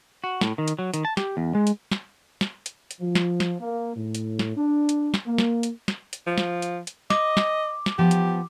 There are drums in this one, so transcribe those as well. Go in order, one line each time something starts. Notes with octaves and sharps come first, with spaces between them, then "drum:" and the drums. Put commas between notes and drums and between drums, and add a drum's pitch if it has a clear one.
F#4
A2, drum: snare
D#3
drum: hi-hat
F#3
D#3, drum: hi-hat
A5
G4, drum: snare
E2
G#3
drum: hi-hat
drum: snare
drum: snare
drum: hi-hat
drum: hi-hat
F3
drum: snare
drum: snare
A#3
A2
drum: hi-hat
drum: snare
D4
drum: hi-hat
drum: snare
A#3
drum: snare
drum: hi-hat
drum: snare
drum: hi-hat
F3
drum: snare
drum: hi-hat
drum: hi-hat
D#5 D6, drum: snare
drum: snare
drum: snare
F3 B3 G4
drum: hi-hat